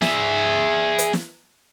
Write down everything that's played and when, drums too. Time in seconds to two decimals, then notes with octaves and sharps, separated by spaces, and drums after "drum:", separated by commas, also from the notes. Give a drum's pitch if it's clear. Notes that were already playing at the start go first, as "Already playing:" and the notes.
0.02 G#4 E5, drum: snare
0.98 drum: hi-hat
1.13 drum: snare